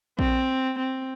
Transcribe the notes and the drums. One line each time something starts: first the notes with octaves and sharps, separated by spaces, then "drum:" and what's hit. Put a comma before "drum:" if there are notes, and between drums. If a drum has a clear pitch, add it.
C4, drum: kick A#1
C4